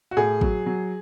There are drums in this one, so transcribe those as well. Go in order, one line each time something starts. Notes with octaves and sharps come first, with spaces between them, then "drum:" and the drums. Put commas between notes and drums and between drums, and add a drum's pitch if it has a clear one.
F#4
A2 G#4
F#3, drum: kick
F#3